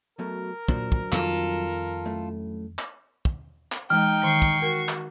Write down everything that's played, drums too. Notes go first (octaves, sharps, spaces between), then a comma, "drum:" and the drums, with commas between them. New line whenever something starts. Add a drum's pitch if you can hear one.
B2 F#3 A3 A#4
A#2 F#3 D4 C5, drum: kick
drum: kick
F2 D#3 G3 F4 A4, drum: clap
F#2 A2 A3
drum: clap
drum: kick
drum: clap
E3 G#3 D#4 G5 F6
D#3 C#6 C7
drum: kick
F#4 A#4
drum: clap